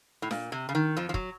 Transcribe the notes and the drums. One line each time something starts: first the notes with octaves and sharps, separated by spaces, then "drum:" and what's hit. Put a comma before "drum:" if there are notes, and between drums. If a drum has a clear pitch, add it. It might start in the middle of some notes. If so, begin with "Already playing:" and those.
A2
A#2, drum: snare D4
C3
C#3
D#3
F2 F3
F3
F#3, drum: kick